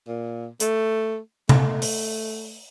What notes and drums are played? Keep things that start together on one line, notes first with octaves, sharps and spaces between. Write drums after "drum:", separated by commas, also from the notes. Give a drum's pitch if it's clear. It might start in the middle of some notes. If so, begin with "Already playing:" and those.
A#2
A3, drum: hi-hat
A3, drum: tom C3
drum: open hi-hat